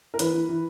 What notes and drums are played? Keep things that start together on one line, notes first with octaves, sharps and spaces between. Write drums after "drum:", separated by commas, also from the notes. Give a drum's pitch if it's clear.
A#4
E3 B4, drum: hi-hat
E3
E3